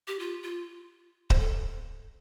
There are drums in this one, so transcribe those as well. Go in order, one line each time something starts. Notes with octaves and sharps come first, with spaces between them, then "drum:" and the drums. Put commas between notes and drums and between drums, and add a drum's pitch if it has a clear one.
G4
F4
F4
C5, drum: kick D1
A4